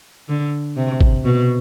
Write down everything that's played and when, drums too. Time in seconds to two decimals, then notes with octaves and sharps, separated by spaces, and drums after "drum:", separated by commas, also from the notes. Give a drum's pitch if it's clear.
0.29 D3
0.76 C3
1.01 drum: kick
1.25 B2